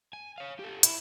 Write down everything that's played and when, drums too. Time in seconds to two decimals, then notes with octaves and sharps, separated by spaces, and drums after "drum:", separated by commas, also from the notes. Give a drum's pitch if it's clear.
0.13 G#5
0.38 C#5 F5
0.59 G4 A4
0.83 E4, drum: hi-hat